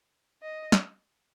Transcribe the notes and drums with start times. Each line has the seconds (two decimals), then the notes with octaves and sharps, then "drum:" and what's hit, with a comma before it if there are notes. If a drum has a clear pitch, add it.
0.42 D#5
0.72 drum: snare